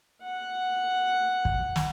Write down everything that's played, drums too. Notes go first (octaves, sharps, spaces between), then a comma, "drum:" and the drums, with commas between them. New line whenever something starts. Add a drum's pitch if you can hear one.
F#5
drum: kick
drum: snare